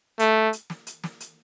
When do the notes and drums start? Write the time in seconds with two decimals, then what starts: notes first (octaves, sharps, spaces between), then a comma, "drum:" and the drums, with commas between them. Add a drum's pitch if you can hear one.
0.19 A3, drum: hi-hat
0.53 drum: hi-hat
0.70 drum: snare
0.87 drum: hi-hat
1.04 drum: snare
1.20 drum: hi-hat